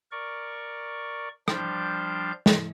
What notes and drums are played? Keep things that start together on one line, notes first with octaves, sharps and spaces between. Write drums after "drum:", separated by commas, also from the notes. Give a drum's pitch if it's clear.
A#4 D5 C#6
F3 G3 D4 C5 F5 G6, drum: rim click
drum: snare